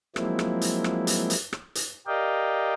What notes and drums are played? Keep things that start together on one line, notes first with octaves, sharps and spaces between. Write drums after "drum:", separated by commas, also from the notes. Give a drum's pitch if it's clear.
F3 F#3 G#3 A#3 C4 E4, drum: rim click
drum: rim click
drum: hi-hat
drum: rim click
drum: hi-hat
drum: hi-hat
drum: rim click
drum: hi-hat
G4 A#4 D5 D#5 F5 G5